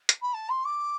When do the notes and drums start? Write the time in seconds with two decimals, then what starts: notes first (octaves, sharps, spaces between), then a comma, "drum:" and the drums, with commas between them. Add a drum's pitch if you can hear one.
0.09 drum: hi-hat
0.22 B5
0.34 A5
0.49 C6
0.65 D6